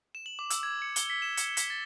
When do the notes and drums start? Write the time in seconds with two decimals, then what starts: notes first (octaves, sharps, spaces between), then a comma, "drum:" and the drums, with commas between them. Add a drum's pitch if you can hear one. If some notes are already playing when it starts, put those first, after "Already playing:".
0.15 E7
0.26 F#7
0.39 D6
0.50 E6, drum: hi-hat
0.63 G#6
0.82 C#7
0.96 G7, drum: hi-hat
1.10 B6
1.22 E7
1.37 C#7, drum: hi-hat
1.57 B6, drum: hi-hat
1.70 A6